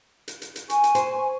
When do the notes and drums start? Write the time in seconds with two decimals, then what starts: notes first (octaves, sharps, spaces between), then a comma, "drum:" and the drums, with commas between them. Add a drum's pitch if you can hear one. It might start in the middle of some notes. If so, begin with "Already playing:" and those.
0.28 drum: hi-hat
0.42 drum: hi-hat
0.56 drum: hi-hat
0.70 G#5 C#6, drum: hi-hat
0.84 drum: hi-hat
0.95 C5, drum: hi-hat